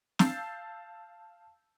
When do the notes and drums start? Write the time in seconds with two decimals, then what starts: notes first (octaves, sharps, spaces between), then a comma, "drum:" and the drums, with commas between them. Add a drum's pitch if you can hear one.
0.19 F5 A5 E6 G6 A6 C7, drum: snare